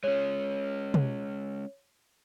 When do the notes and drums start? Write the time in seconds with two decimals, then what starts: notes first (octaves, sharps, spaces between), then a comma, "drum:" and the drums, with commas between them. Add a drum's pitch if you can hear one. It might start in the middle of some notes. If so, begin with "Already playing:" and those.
0.04 G#3 C#4 C#5
0.94 drum: tom